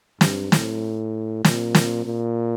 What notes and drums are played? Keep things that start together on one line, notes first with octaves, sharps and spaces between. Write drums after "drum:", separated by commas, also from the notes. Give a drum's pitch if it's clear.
G2, drum: snare
A2, drum: snare
A#2, drum: snare
drum: snare
A#2